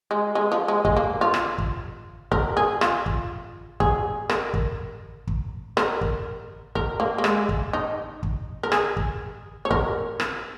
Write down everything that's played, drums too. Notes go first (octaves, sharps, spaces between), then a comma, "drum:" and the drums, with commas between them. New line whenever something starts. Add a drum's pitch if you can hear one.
G#3
G#3
F3
G#3
G#3, drum: kick
A#3
F4
drum: rim click
drum: kick
A#4, drum: kick
G#4
F4, drum: rim click
drum: kick
G#4, drum: kick
A#4, drum: rim click
drum: kick
drum: kick
A#4, drum: rim click
drum: kick
A#4, drum: kick
A#3
A#3
G#3, drum: rim click
drum: kick
D#4
drum: kick
A#4
G#4, drum: rim click
drum: kick
C#5
A#4, drum: kick
drum: rim click